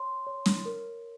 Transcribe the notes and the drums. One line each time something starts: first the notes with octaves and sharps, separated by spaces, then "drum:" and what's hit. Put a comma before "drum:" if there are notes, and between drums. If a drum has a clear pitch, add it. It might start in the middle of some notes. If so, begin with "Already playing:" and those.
Already playing: C#5 C6
C#5
drum: snare
A#4